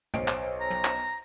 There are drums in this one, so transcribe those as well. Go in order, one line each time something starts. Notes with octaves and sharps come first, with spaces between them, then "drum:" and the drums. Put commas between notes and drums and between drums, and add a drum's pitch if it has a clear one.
B1 C5 C#5 D7, drum: tom
drum: clap
A#5
drum: tom
drum: clap